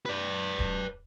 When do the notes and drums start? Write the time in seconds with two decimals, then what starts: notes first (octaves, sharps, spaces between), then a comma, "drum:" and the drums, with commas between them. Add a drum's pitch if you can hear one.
0.06 B4 D5
0.59 drum: kick D1